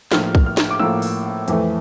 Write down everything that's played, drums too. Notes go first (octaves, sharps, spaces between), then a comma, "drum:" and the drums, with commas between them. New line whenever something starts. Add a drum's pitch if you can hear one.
A2 F3 A#3 F6, drum: snare
drum: kick B1
F6
drum: snare
D6
A2 F3 A#3 E6
drum: open hi-hat
F2 E3 A3, drum: hi-hat